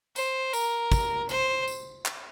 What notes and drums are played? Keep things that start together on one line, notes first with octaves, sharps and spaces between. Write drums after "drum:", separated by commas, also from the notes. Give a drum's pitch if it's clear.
C5, drum: tambourine
A#4, drum: tambourine
drum: kick, tambourine
C5, drum: tambourine
drum: tambourine
drum: clap